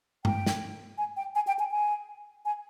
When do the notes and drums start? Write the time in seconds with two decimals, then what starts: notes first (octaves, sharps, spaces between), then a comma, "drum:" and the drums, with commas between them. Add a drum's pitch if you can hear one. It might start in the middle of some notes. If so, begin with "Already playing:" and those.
0.25 G5, drum: tom G2
0.46 drum: snare
0.98 G#5
1.17 G5
1.35 G#5
1.47 G5
1.59 G#5
1.71 G#5
2.45 G#5